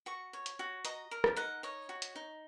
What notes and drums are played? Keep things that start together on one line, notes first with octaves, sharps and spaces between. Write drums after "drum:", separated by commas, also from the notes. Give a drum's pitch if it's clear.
F#4 C#6
C#5
drum: hi-hat
F#4
D#5 A#5, drum: hi-hat
A#4
drum: rim click
D#4 F#5
C#5 D#5
F#4
drum: hi-hat
D#4